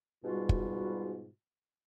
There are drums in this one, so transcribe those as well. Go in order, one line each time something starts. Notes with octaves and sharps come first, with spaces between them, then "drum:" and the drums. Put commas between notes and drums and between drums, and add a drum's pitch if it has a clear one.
G#2 B2 G3 F4 F#4
drum: kick